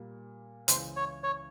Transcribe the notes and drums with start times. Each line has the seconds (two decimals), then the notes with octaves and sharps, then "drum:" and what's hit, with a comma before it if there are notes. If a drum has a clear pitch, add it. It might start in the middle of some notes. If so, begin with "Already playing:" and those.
Already playing: A#2 G3 A#3
0.68 C#2 C#3 E3 C5, drum: hi-hat
0.96 C#5
1.23 C#5